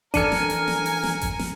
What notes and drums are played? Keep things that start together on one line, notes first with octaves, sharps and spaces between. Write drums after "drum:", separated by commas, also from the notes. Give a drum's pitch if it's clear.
E3 D4 A4 A#4 G#5 F6 C#7 D#7, drum: kick G#1, hi-hat
drum: snare
drum: hi-hat
drum: snare
drum: open hi-hat
drum: snare
drum: kick G#1, hi-hat
drum: snare